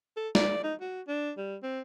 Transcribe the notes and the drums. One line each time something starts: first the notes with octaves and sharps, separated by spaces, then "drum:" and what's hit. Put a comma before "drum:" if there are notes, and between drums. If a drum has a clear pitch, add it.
A4
D5, drum: snare
D#4
F#4
D4
G3
C4